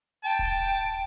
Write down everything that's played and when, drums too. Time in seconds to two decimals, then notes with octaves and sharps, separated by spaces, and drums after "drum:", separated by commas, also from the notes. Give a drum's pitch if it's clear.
0.25 G5 A5
0.39 drum: kick D1